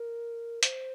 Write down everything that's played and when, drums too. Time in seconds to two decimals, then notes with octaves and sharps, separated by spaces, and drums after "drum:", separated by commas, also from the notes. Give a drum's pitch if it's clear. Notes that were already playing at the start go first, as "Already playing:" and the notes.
Already playing: A#4
0.63 C5, drum: hi-hat